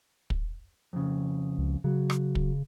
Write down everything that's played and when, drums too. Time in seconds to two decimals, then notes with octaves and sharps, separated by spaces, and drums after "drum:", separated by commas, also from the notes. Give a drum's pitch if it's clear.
0.30 drum: kick
0.93 F2 C#3
1.58 C#2
1.84 C#3 F#3
2.10 drum: rim click
2.35 drum: kick